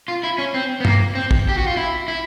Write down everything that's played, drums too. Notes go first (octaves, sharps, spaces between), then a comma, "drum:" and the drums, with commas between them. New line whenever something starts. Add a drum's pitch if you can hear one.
F4
E4
C#4
C4
B3
A#3, drum: tom
C4
drum: kick
G4
F#4
F4
E4
E4